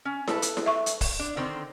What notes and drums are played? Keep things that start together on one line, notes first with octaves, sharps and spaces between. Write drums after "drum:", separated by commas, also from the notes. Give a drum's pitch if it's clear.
C#4
A4 B4 A5, drum: snare E4
drum: hi-hat
drum: snare E4
E5 C#6
drum: hi-hat
drum: kick, open hi-hat
D4
D3 D#3 C4